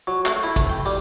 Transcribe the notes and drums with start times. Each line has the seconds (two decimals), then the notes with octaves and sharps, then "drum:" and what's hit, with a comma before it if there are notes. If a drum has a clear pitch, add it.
0.07 F#3
0.26 A3, drum: clap
0.43 E4
0.56 A3, drum: kick, hi-hat
0.69 G5
0.86 G3, drum: open hi-hat